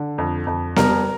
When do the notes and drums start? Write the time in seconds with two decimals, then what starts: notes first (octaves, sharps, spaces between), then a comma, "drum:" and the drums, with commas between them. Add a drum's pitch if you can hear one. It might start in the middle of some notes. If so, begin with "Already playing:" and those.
Already playing: D3
0.18 F2
0.47 F2
0.76 G3 A#4, drum: snare B3